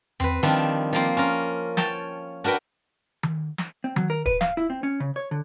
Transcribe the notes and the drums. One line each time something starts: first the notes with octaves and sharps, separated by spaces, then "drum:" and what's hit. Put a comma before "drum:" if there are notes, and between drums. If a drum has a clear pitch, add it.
C4 B4, drum: tom E2
D#3 F3 G3 C4 D4
F3 A#3 C4
C#4 F4 A#4
C#5 G5 A5, drum: snare
D4 F#4 A#4 B4 G5
drum: tom D#3
drum: snare
C4
F#3, drum: tom D#3
A#4
B4, drum: kick
F5, drum: snare
E4
C4
C#4
C#3
C#5
D3